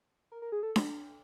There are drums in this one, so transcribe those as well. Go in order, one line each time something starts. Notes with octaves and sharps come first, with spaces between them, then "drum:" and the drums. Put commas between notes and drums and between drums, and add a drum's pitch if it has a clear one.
A#4
A#4
G#4
A4
drum: snare D4